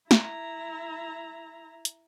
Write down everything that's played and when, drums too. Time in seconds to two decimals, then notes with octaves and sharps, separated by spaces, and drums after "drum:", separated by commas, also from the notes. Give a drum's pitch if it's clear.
0.11 E4 A#5, drum: snare
1.85 drum: hi-hat